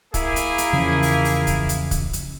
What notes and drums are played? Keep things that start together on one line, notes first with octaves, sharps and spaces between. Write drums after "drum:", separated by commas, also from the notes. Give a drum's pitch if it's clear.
A#3 E4 G#4, drum: kick, hi-hat
drum: hi-hat
drum: hi-hat
E2 C#3 F3
drum: open hi-hat
drum: open hi-hat
drum: kick, hi-hat
drum: hi-hat
drum: kick, hi-hat
drum: hi-hat